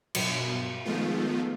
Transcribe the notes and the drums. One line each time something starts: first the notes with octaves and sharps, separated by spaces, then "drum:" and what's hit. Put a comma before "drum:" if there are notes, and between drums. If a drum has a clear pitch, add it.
G2 B2 F#3, drum: cymbal
D#3 F3 G#3 A3 B3 F4